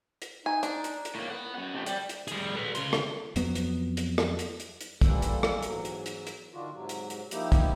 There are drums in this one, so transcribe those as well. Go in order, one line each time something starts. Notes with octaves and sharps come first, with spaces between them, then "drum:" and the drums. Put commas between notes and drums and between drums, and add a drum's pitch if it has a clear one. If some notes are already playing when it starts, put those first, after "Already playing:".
drum: hi-hat
D#4 G#5
D4, drum: hi-hat
drum: hi-hat
drum: hi-hat
A2 A#3
B3 F#5
F#2 F#5
C3 A3
G3, drum: hi-hat
drum: hi-hat
G3 G#4, drum: hi-hat
A4 B4
C#3 C6, drum: hi-hat
drum: rim click
F2 F#3 B3, drum: hi-hat
drum: hi-hat
drum: hi-hat
drum: rim click
drum: hi-hat
drum: hi-hat
drum: hi-hat
A#2 E3 G3 A#3 A4, drum: kick, hi-hat
drum: hi-hat
drum: rim click
E2 G#2 F#3, drum: hi-hat
drum: hi-hat
drum: hi-hat
drum: hi-hat
D3 D#3 D4 F4 F#4
G#2 C3 F#3
drum: hi-hat
drum: hi-hat
F3 A#3 D#4 E4 G4, drum: hi-hat
drum: kick, hi-hat